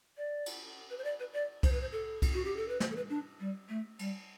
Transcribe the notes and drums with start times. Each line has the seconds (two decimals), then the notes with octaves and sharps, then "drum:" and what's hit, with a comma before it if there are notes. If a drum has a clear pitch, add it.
0.17 D5
0.46 drum: cymbal
0.90 B4
0.98 C5
1.04 D5
1.19 B4
1.33 D5
1.63 C5, drum: kick C2, cymbal
1.72 B4
1.81 C5
1.92 A4
2.22 drum: kick C2, cymbal
2.33 F#4
2.45 G4
2.57 A4
2.68 B4
2.80 C5, drum: snare
2.91 A4
2.96 B4
3.10 D4
3.40 G3
3.69 A3
3.99 G3, drum: cymbal